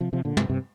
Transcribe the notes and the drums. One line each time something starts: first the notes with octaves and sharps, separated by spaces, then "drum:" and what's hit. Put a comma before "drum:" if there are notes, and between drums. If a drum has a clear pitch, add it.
C3 F3
C3 F3
A#2 D3
G2 C3, drum: tom
G2 C3